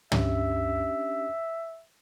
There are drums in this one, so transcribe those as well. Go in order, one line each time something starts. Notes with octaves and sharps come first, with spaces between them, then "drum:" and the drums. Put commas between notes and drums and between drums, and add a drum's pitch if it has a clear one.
C#4 D4 G4 E5, drum: tom